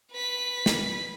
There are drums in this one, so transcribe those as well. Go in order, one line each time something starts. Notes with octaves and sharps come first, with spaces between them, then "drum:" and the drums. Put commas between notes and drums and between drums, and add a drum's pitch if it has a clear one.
B4 B6
drum: snare